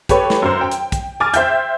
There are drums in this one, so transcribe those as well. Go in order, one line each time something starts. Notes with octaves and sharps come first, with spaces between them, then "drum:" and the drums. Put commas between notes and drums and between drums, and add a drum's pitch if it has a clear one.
G4 A4 B4 C#5, drum: kick, hi-hat
drum: snare
F#2 C5
G5
drum: hi-hat
drum: kick, hi-hat
G#5 D6 F6 A6
C5 E5 G5 G6, drum: hi-hat